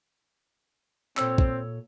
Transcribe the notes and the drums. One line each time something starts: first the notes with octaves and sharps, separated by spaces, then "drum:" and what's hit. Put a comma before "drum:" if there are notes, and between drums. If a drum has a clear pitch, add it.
A#2 C4 A4 C#5 E6, drum: clap
drum: kick